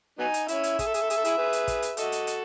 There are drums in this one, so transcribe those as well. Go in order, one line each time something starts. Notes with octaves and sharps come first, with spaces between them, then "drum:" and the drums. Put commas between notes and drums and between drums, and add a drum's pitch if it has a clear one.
F#3 B3 D#4 G#5
drum: hi-hat
C#4 E4 E5, drum: hi-hat
drum: hi-hat
G#4, drum: kick, hi-hat
A4
G#4, drum: hi-hat
A4
G#4, drum: hi-hat
A4
E4 G#4, drum: hi-hat
G#4 B4
drum: hi-hat
drum: kick, hi-hat
drum: hi-hat
F#4 A4 D#5, drum: hi-hat
drum: hi-hat
drum: hi-hat